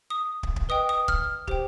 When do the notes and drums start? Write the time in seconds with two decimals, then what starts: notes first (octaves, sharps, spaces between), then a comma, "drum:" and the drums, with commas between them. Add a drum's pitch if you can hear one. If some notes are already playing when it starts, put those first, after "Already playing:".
0.10 D#6
0.43 drum: kick
0.56 drum: kick
0.69 B4 D#5 G5 D#6
0.89 D#6
1.08 F6, drum: kick
1.48 G4 C5 G5, drum: kick